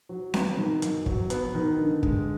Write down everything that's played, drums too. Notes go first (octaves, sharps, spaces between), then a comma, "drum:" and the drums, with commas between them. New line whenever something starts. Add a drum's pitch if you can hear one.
F#3
B3, drum: snare C4
D#3
F#2, drum: hi-hat
F#3, drum: kick
B3, drum: hi-hat
D#3
D3
G#3, drum: kick